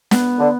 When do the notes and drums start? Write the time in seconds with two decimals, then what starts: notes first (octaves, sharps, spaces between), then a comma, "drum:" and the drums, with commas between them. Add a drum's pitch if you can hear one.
0.11 B3, drum: snare
0.39 D3